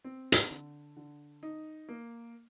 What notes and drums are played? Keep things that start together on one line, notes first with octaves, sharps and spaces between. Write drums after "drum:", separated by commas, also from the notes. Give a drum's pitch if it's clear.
C4
drum: hi-hat
D3
D3
D#4
A#3